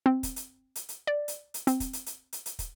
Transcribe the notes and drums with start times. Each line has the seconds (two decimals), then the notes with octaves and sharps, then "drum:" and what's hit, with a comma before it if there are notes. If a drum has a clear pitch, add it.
0.06 C4
0.23 drum: kick, hi-hat
0.36 drum: hi-hat
0.76 drum: hi-hat
0.89 drum: hi-hat
1.07 D5
1.28 drum: hi-hat
1.54 drum: hi-hat
1.67 C4, drum: hi-hat
1.80 drum: kick, hi-hat
1.93 drum: hi-hat
2.06 drum: hi-hat
2.33 drum: hi-hat
2.46 drum: hi-hat
2.59 drum: kick, hi-hat